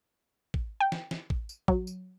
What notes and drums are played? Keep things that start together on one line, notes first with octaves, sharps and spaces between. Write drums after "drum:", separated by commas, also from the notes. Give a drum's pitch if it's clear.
drum: kick
G5
drum: snare
drum: snare
drum: kick
drum: tambourine
F#3, drum: kick
drum: tambourine